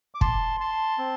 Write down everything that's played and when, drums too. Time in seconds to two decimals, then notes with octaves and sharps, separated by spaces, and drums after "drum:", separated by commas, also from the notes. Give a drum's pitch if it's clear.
0.15 D6
0.21 A5 C6, drum: kick
0.60 A5 C6
0.98 C4